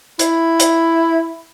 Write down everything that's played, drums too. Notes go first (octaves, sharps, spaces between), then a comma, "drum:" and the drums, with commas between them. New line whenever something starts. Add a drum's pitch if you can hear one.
E4, drum: hi-hat
drum: hi-hat